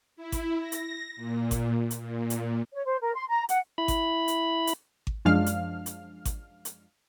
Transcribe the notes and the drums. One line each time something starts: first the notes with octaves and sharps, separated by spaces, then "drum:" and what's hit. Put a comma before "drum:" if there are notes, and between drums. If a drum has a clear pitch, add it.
E4
drum: kick G#1, hi-hat
A#6
drum: hi-hat
A#2
drum: kick G#1, hi-hat
drum: hi-hat
A#2
drum: hi-hat
C#5
C5
A#4
C6
A#5
F#5, drum: hi-hat
E4 B5
drum: kick G#1, hi-hat
drum: hi-hat
drum: hi-hat
drum: kick G#1
F#2 F3 G#3 D4 F5 F6
drum: hi-hat
drum: hi-hat
drum: kick G#1, hi-hat
drum: hi-hat